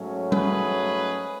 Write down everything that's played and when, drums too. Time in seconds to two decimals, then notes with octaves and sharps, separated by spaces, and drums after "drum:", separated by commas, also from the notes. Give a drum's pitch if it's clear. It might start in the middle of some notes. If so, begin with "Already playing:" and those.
Already playing: G#2 F#3 A3 C#4
0.32 G#4 B4, drum: tom G3